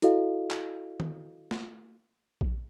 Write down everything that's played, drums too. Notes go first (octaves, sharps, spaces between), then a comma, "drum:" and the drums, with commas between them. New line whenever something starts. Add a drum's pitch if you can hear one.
E4 F#4 A4 D#5 F5, drum: hi-hat
drum: clap
drum: tom D#3
drum: snare A#3
drum: kick A#1